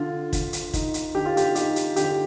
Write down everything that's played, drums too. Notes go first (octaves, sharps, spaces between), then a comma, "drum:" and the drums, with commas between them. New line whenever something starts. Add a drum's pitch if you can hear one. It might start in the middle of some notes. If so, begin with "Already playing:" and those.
Already playing: D3 F4
D3, drum: kick, hi-hat
drum: hi-hat
D#4, drum: kick, hi-hat
drum: hi-hat
D3 G4
F4
G4, drum: hi-hat
D#4 G4, drum: hi-hat
drum: hi-hat
D3 G4, drum: hi-hat